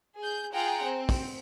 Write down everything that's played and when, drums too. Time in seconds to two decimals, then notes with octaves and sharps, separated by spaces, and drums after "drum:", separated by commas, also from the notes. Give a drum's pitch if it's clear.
0.18 G#4 G6
0.53 F4 G#4 F#5 G5 A#5
0.84 C4
1.09 drum: kick, open hi-hat